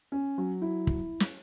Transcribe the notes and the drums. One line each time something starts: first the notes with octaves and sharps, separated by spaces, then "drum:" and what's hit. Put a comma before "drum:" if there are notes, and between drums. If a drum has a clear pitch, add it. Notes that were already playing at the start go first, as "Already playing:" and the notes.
C#4
F#3
E4
drum: kick
drum: snare